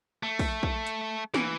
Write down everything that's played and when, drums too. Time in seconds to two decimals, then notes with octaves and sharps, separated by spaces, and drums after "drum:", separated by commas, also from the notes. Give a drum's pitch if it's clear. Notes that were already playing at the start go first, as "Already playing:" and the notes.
0.23 A3
0.39 drum: kick, open hi-hat
0.63 drum: kick
0.87 drum: hi-hat
1.34 E3, drum: snare